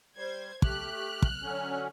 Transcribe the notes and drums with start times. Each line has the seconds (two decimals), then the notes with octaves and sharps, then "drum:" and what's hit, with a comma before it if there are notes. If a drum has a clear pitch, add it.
0.16 G3 C5 G#6
0.62 A3 G4 F6 F#6, drum: kick
1.22 drum: kick
1.43 D3 F#3 C#4